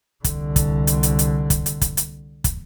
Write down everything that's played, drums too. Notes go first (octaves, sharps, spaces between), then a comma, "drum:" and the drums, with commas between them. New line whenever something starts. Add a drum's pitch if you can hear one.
C2 D3, drum: kick, hi-hat
drum: kick, hi-hat
drum: hi-hat
drum: hi-hat
drum: hi-hat
drum: kick, hi-hat
drum: hi-hat
drum: kick, hi-hat
drum: hi-hat
drum: kick, hi-hat